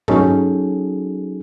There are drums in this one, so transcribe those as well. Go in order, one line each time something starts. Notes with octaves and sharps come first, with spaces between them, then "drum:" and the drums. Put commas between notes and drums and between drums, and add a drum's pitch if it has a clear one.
F#3 C#4 D#4 F#4 G#4 A4, drum: tom G2